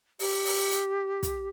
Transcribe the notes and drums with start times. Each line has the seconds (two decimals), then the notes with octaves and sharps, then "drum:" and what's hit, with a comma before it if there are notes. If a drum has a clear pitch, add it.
0.19 G4, drum: open hi-hat
0.45 drum: open hi-hat
0.71 drum: hi-hat
1.23 drum: kick, hi-hat